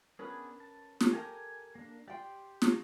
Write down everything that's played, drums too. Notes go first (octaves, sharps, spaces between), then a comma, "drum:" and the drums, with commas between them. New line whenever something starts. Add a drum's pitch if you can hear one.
B3 C#4 D4 G#4 A#4 B4
A5
drum: snare
G4 A4 A#4 G#5
A#3 D4
G4 D5 G5 C6
drum: snare